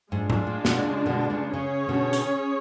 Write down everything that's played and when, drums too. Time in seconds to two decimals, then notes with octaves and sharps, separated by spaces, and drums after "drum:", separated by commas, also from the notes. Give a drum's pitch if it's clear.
0.11 G#2 G#3 D4 F4
0.30 G#2, drum: tom A2
0.47 A2
0.65 B2, drum: snare
0.83 C#3
1.06 B2 D3
1.30 C#3
1.53 C#3 C#4 G#4 C#5
1.89 B2 D3
2.13 drum: hi-hat